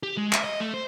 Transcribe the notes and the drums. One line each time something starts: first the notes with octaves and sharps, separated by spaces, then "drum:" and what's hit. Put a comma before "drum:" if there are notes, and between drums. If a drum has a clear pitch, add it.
G4
G#3
E5, drum: clap
D#5
A3
C5